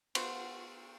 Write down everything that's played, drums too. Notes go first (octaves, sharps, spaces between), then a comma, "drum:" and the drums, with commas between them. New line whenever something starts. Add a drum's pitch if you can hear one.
B3 F4 F#4 C5, drum: cymbal